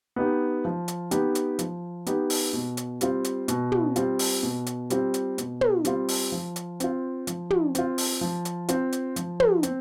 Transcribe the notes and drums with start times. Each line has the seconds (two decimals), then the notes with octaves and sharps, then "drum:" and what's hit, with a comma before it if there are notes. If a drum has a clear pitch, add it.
0.16 B3 D#4 G4
0.65 F3
0.88 drum: hi-hat
1.11 B3 D#4 G4, drum: hi-hat
1.35 drum: hi-hat
1.59 F3, drum: hi-hat
2.06 B3 D#4 G4, drum: hi-hat
2.30 drum: open hi-hat
2.53 B2
2.77 drum: hi-hat
3.01 G3 C4 F4, drum: hi-hat
3.24 drum: hi-hat
3.48 B2, drum: hi-hat
3.72 drum: tom
3.96 G3 C4 F4, drum: hi-hat
4.19 drum: open hi-hat
4.43 B2
4.66 drum: hi-hat
4.90 G3 C4 F4, drum: hi-hat
5.14 drum: hi-hat
5.38 B2, drum: hi-hat
5.61 drum: tom
5.85 G3 C4 F4, drum: hi-hat
6.08 drum: open hi-hat
6.32 F3
6.56 drum: hi-hat
6.80 C4 F4, drum: hi-hat
7.27 F3, drum: hi-hat
7.50 drum: tom
7.75 C4 F4, drum: hi-hat
7.98 drum: open hi-hat
8.21 F3
8.45 drum: hi-hat
8.68 C4 F4, drum: hi-hat
8.92 drum: hi-hat
9.16 F3, drum: hi-hat
9.40 drum: tom
9.63 C4, drum: hi-hat